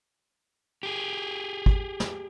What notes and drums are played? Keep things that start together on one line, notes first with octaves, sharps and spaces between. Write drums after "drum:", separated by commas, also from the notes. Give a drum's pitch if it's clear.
G4 G#4
drum: kick G#1
drum: snare